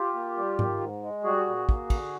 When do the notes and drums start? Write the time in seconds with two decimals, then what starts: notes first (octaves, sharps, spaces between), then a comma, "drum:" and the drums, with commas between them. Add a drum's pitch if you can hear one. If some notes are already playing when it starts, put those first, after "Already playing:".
Already playing: F4 G4
0.14 A#3
0.37 G3
0.59 D#3, drum: tom G#2
0.80 G#2
1.02 G#3
1.24 G3 F#4 G#4
1.47 A#2
1.69 A#3, drum: kick
1.90 D3, drum: kick, cymbal